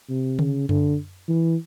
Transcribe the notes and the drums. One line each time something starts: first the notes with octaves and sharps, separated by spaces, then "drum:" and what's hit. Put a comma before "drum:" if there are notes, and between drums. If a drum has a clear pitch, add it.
C3
C#3, drum: tom D3
D3, drum: tom F#2
E3